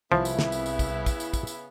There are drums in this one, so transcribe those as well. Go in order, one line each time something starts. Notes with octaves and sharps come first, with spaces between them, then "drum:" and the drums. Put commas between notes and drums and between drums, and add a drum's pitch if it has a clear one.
C2 C#3 F3 B3 E4 E5, drum: tom
drum: tambourine
drum: snare
drum: tambourine
drum: tambourine
drum: kick, tambourine
drum: kick, tambourine
drum: tambourine
drum: kick, tambourine
drum: tambourine